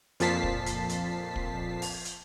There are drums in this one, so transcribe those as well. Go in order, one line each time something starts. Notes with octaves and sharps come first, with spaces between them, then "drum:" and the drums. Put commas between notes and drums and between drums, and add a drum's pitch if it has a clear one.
F2 A#2 F3 A5 B6 C7, drum: hi-hat
drum: kick
drum: hi-hat
drum: hi-hat
drum: kick
drum: open hi-hat
drum: hi-hat